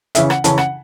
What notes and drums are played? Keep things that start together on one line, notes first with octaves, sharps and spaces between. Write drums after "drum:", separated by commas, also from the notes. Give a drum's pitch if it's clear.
C#3 E3 C#4 E5, drum: hi-hat
F#5, drum: rim click
C#3 E3 C#4 A5, drum: hi-hat
F#5, drum: rim click